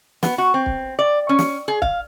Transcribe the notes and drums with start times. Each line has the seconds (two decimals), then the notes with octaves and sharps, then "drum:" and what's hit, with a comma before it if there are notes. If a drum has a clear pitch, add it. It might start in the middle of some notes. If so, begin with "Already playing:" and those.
0.23 B3, drum: snare
0.38 F#4
0.54 C4
0.66 drum: kick
0.99 D5
1.29 C#4
1.39 drum: snare
1.68 G#4
1.82 F5, drum: kick